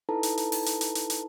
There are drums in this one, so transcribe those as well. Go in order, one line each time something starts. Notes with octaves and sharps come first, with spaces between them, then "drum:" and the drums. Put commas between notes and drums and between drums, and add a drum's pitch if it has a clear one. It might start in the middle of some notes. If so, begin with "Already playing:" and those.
D#4 E4 A4 B4 A5 A#5
drum: hi-hat
drum: hi-hat
drum: open hi-hat
drum: hi-hat
drum: hi-hat
drum: hi-hat
drum: hi-hat